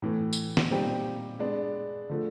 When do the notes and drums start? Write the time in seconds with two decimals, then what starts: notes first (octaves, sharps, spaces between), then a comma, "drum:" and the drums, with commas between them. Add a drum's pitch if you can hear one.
0.02 A2 E3 A3
0.33 drum: tambourine
0.57 drum: snare
0.71 A#2 G3 C4 D#4 G4
1.39 G#3 B3 D4
2.10 D3 F3 A3